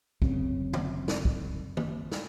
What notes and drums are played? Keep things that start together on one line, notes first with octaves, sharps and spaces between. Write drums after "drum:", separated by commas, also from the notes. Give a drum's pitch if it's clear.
G1 F#2 C#3 C4, drum: kick
drum: tom D3
drum: snare
drum: kick
drum: tom D#3
drum: snare